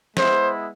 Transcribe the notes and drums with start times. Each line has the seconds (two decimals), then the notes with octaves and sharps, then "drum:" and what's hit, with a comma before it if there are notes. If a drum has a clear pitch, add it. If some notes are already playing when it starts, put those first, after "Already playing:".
0.17 G#3 B3 E4 C5, drum: snare